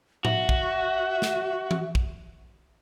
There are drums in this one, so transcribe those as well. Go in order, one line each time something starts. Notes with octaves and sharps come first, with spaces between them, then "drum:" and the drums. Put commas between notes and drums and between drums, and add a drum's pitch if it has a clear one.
F#4 E5, drum: tom A2
drum: kick
drum: snare
drum: tom E3
drum: kick